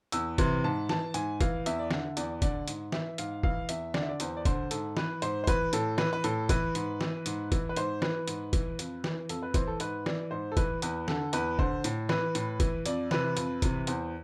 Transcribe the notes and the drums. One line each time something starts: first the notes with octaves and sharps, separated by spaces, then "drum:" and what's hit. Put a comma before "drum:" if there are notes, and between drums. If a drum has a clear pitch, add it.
E2 E6, drum: hi-hat
C3 E3 C6, drum: kick F1, hi-hat
G#2 A5
E3 A5, drum: snare
G#2 G#5, drum: hi-hat
E3 F5, drum: kick F1, hi-hat
E2 E5, drum: hi-hat
D5
D3 E5, drum: snare
E2 D5, drum: hi-hat
D3 D5, drum: kick F1, hi-hat
G#2, drum: hi-hat
E3 E5, drum: snare
G#2 F5, drum: hi-hat
E3 F5, drum: kick F1
E2 E5, drum: hi-hat
D3 D5, drum: snare
E5
D5
E2 C5, drum: hi-hat
D5
D3 C5, drum: kick F1, hi-hat
G#2 A4, drum: hi-hat
E3 B4, drum: snare
G#2 C5, drum: hi-hat
C5
E3 B4, drum: kick F1, hi-hat
A2 A4, drum: hi-hat
E3 B4, drum: snare
B4
A2 A4, drum: hi-hat
E3 B4, drum: kick F1, hi-hat
G#2, drum: hi-hat
E3, drum: snare
G#2, drum: hi-hat
E3, drum: kick F1, hi-hat
B4
G#2 C5, drum: hi-hat
E3 B4, drum: snare
G#2, drum: hi-hat
E3, drum: kick F1, hi-hat
F2, drum: hi-hat
E3, drum: snare
F2 A4, drum: hi-hat
B4
E3 C5, drum: kick F1, hi-hat
A4
G#2 B4, drum: hi-hat
E3 D5, drum: snare
G#2 C5
A4
E3 B4, drum: kick F1, hi-hat
E2 B4, drum: hi-hat
D3 A4, drum: snare
E2 B4, drum: hi-hat
D3 C5, drum: kick F1
A2, drum: hi-hat
E3 B4, drum: snare
A2, drum: hi-hat
E3, drum: kick F1, hi-hat
F2 D5, drum: hi-hat
C3 E3 B4, drum: snare
F2, drum: hi-hat
C3 E3, drum: kick F1, hi-hat
E2 C5, drum: hi-hat